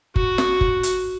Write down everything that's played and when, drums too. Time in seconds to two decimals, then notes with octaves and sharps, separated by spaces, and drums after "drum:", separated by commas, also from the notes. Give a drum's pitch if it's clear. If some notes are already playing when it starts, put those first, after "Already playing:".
0.16 F#4, drum: kick F#1
0.38 drum: snare
0.61 drum: kick F#1
0.83 drum: hi-hat